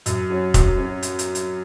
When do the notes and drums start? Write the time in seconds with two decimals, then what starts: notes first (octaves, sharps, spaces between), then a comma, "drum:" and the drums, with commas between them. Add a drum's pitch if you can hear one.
0.06 F#2, drum: hi-hat
0.30 F#3 C#4
0.54 F#2, drum: kick F1, hi-hat
0.78 F#3 C#4
1.03 drum: hi-hat
1.19 drum: hi-hat
1.35 drum: hi-hat